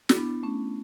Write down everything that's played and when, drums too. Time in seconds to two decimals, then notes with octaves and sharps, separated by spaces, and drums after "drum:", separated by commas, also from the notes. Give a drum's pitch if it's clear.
0.09 E4, drum: snare
0.16 B3 D4
0.43 A3 C#4